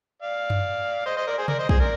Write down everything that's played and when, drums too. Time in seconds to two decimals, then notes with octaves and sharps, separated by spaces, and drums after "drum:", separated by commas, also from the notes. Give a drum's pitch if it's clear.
0.22 D5 F5
0.50 drum: tom F#2
1.06 C5 D#5
1.17 C5 D#5
1.27 A#4 D5
1.38 G#4 C5
1.48 A#4 D5, drum: tom C3
1.59 C5 D#5
1.69 G#4 C5, drum: kick
1.80 A#4 D5